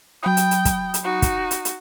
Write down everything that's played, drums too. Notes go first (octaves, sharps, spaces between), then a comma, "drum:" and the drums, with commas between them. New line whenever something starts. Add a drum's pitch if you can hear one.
F#3 G5 B5 D#6
drum: hi-hat
drum: hi-hat
drum: kick, hi-hat
drum: hi-hat
D#4 F#4
drum: kick, hi-hat
drum: hi-hat
drum: hi-hat